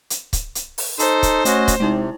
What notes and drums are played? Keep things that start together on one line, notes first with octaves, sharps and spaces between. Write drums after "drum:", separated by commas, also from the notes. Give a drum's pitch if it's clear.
drum: hi-hat
drum: kick C#1, hi-hat
drum: hi-hat
drum: open hi-hat
D#4 A4 C5, drum: hi-hat
drum: kick C#1, hi-hat
A3 C#4 F#4 D#5, drum: hi-hat
drum: kick C#1, hi-hat
C3 G#3 D#4 E4